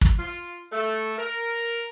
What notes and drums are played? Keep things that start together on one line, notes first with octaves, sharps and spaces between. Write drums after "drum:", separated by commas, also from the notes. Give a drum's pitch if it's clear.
drum: kick
F4
A3
A#4